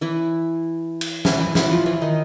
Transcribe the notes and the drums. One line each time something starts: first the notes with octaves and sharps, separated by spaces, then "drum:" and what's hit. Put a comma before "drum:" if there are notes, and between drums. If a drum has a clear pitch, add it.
E3 E4
drum: cymbal
E3 E4, drum: snare
E3 E4
E3 E4, drum: snare
F3 F4
E3 E4
D#3 D#4